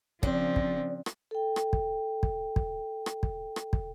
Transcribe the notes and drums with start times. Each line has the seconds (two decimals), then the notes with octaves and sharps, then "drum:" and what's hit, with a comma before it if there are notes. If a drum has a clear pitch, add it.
0.23 C#3 F3 C4 D4, drum: kick
0.56 drum: kick
1.06 drum: rim click
1.31 A4 G5
1.56 drum: rim click
1.73 drum: kick
2.23 drum: kick
2.56 drum: kick
3.06 drum: rim click
3.23 drum: kick
3.56 drum: rim click
3.73 drum: kick